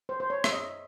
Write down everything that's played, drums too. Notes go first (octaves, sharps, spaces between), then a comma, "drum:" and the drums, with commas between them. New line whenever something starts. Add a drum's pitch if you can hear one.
C5
C5
C#5
E5, drum: rim click
D#5